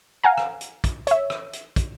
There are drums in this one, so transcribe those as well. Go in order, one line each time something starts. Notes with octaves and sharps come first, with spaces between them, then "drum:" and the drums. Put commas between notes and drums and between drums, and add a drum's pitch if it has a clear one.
F5 F#5 G#5 A#5
drum: rim click
drum: hi-hat
drum: kick, hi-hat
C#5 E5, drum: hi-hat
drum: rim click
drum: hi-hat
drum: kick, hi-hat